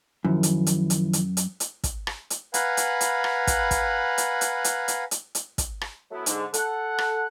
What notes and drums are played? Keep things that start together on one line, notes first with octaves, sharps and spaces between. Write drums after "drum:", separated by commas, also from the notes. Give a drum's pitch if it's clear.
F#2 D#3 F3 E4
drum: hi-hat
drum: hi-hat
drum: hi-hat
drum: hi-hat
drum: hi-hat
drum: hi-hat
drum: kick, hi-hat
drum: rim click
drum: hi-hat
B4 F5 F#5 G#5 A#5 B5, drum: hi-hat
drum: hi-hat
drum: hi-hat
drum: rim click
drum: kick, hi-hat
drum: kick, hi-hat
drum: hi-hat
drum: hi-hat
drum: hi-hat
drum: hi-hat
drum: hi-hat
drum: hi-hat
drum: kick, hi-hat
drum: rim click
F#3 A3 B3 E4
G#2 D3, drum: hi-hat
A4 F#5, drum: hi-hat
drum: rim click